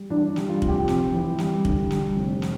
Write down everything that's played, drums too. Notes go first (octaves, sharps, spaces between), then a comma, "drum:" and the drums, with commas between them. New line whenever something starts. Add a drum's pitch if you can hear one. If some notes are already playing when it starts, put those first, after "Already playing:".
Already playing: G3
E3 D4
G3, drum: snare
F4
F1, drum: kick
G4
F2, drum: snare
E3
G3, drum: snare
D3, drum: kick
G3, drum: snare
F1
drum: snare